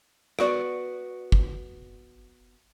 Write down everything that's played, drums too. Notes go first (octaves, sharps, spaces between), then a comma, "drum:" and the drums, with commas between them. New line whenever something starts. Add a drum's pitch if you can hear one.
B3 F#4 D5, drum: rim click
drum: kick G1